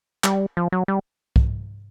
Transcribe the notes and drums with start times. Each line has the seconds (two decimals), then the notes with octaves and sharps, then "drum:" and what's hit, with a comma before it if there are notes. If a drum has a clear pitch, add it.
0.24 G3, drum: clap
0.57 F3
0.72 F#3
0.88 G3
1.36 drum: kick C2